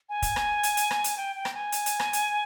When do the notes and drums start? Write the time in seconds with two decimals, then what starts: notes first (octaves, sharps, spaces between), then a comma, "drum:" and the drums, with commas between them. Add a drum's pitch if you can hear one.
0.09 G#5
0.22 drum: kick, hi-hat
0.36 drum: rim click
0.63 drum: hi-hat
0.77 drum: hi-hat
0.91 drum: rim click
1.04 drum: hi-hat
1.17 G5
1.36 G5
1.45 drum: rim click
1.54 G#5
1.72 drum: hi-hat
1.86 drum: hi-hat
2.00 drum: rim click
2.13 drum: hi-hat